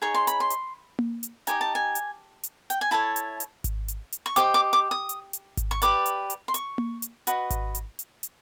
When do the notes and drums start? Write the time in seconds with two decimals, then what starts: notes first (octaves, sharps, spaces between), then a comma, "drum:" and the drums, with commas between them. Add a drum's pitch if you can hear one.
0.02 D#4 G#4 C#5 C#6
0.14 C6
0.27 B5, drum: hi-hat
0.40 C6
0.50 drum: hi-hat
0.99 drum: tom A#3
1.23 drum: hi-hat
1.47 D#4 G4 C5 D#5 G#5, drum: hi-hat
1.61 A5
1.75 G#5
1.95 drum: hi-hat
2.43 drum: hi-hat
2.70 G5, drum: hi-hat
2.81 G#5
2.91 E4 A4 C#5 A5
3.16 drum: hi-hat
3.40 drum: hi-hat
3.64 drum: kick G#1, hi-hat
3.88 drum: hi-hat
4.12 drum: hi-hat
4.26 C#6
4.36 G4 C5 D#5 D6, drum: hi-hat
4.54 D6
4.73 D6
4.91 D#6
5.09 drum: hi-hat
5.33 drum: hi-hat
5.57 drum: kick G#1, hi-hat
5.71 C#6
5.82 G4 B4 D5 D6, drum: hi-hat
6.06 drum: hi-hat
6.30 drum: hi-hat
6.48 C6
6.54 C#6, drum: hi-hat
6.78 drum: tom A#3
7.02 drum: hi-hat
7.27 F#4 B4 D#5, drum: hi-hat
7.50 drum: kick G#1, hi-hat
7.75 drum: hi-hat
7.99 drum: hi-hat
8.23 drum: hi-hat